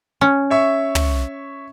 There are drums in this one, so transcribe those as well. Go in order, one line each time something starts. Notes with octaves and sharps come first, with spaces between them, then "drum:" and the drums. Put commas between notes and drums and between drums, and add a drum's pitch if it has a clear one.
C#4
C#5 E5 C#6
drum: tom